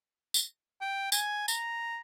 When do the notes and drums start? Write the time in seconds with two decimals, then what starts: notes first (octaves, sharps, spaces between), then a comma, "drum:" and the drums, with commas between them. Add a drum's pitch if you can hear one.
0.34 drum: tambourine
0.81 G5
1.12 G#5, drum: tambourine
1.48 A#5, drum: tambourine